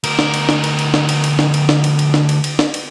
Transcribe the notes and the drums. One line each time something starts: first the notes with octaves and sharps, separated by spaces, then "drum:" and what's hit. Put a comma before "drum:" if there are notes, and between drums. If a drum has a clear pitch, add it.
D2 A#4, drum: cymbal
drum: snare
drum: cymbal
drum: snare
drum: cymbal
drum: cymbal
drum: snare
drum: cymbal
drum: cymbal
drum: snare
drum: cymbal
drum: snare
drum: cymbal
drum: cymbal
drum: snare
drum: cymbal
drum: cymbal
drum: snare
drum: cymbal